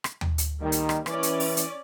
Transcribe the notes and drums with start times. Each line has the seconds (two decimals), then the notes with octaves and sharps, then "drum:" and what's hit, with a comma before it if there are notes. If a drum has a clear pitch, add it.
0.04 drum: rim click
0.21 drum: tom
0.38 drum: hi-hat
0.61 D#3 G3 A#3
0.72 drum: hi-hat
0.89 drum: rim click
1.06 E3 C#4 D5, drum: rim click
1.23 drum: hi-hat
1.40 drum: open hi-hat
1.57 drum: hi-hat